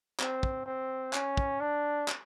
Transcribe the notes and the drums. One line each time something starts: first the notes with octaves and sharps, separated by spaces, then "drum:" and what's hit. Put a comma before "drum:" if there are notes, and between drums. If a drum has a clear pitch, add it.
C4, drum: clap
drum: kick
C4
C#4, drum: clap
drum: kick
D4
drum: clap